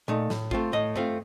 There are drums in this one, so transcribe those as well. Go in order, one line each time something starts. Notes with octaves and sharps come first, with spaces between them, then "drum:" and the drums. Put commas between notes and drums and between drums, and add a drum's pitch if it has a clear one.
A#2 A3 D#4
A2, drum: snare
A3 C4 F4, drum: kick G#1
A2 D#5
A3 C4 F4, drum: tom G2